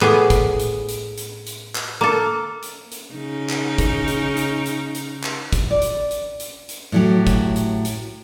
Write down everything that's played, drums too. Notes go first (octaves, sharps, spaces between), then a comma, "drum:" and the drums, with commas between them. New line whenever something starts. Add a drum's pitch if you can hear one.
A2 B3 G4 G#4, drum: clap
drum: kick, hi-hat
drum: hi-hat
drum: hi-hat
drum: hi-hat
drum: hi-hat
drum: clap
A#3 A4
drum: hi-hat
drum: hi-hat
C#3 D#4
drum: clap
drum: kick, hi-hat
drum: hi-hat
drum: hi-hat
drum: hi-hat
drum: hi-hat
drum: clap
drum: kick, hi-hat
D5
drum: hi-hat
drum: hi-hat
drum: hi-hat
drum: hi-hat
A2 F#3 G4
drum: kick, hi-hat
drum: hi-hat
drum: hi-hat